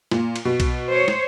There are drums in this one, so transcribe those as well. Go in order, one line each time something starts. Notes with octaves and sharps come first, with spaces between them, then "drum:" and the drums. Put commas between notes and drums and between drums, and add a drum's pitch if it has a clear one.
A#2, drum: snare
drum: cymbal
B2
drum: kick, cymbal
C5 C#5
drum: snare